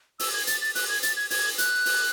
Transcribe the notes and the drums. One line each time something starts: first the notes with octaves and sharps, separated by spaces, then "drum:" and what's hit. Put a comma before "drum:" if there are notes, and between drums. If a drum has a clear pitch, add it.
E6, drum: open hi-hat
G#6
A6, drum: hi-hat
A6
F#6, drum: open hi-hat
G#6
A6, drum: hi-hat
G#6
G#6, drum: open hi-hat
F#6, drum: hi-hat
drum: open hi-hat